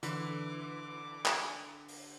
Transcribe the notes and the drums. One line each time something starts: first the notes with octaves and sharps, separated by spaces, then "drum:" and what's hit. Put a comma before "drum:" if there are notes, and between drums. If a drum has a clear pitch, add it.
D3 E3 D6, drum: hi-hat
drum: clap
drum: open hi-hat